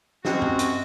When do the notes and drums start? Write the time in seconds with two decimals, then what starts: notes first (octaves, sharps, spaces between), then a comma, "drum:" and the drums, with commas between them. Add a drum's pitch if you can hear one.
0.25 C3 G#3 C4 C#4 F#4, drum: snare
0.42 drum: tom F#2
0.59 drum: hi-hat